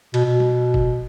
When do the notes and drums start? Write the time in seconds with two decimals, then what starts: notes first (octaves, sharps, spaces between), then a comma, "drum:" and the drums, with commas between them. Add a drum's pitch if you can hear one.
0.14 B2, drum: cymbal
0.25 B2
0.40 drum: tom
0.74 drum: kick F#1